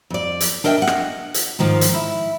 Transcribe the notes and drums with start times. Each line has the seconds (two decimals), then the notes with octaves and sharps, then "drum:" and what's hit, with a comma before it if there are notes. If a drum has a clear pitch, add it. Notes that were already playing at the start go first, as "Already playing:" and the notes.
0.10 F2 D5
0.40 drum: hi-hat
0.64 D4 A#4 D#5 E5 F#5 G5
0.78 D#5 F#5
0.87 drum: rim click
1.34 drum: hi-hat
1.59 G#2 D#3 F3
1.81 drum: hi-hat
1.94 E4